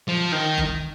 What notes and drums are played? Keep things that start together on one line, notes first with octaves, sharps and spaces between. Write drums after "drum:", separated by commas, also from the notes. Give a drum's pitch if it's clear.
F3
D#3
drum: kick F#1